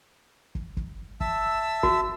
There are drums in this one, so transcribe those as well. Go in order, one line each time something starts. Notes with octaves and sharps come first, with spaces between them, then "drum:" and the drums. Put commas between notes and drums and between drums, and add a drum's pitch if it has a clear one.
drum: kick
drum: kick
E5 A5 E6, drum: kick
F#4, drum: kick